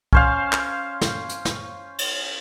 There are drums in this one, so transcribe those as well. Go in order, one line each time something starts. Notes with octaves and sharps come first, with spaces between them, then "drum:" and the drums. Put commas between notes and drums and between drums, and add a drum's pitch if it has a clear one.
C#4 C5 F5, drum: kick
drum: clap
drum: snare
drum: hi-hat
drum: snare
drum: cymbal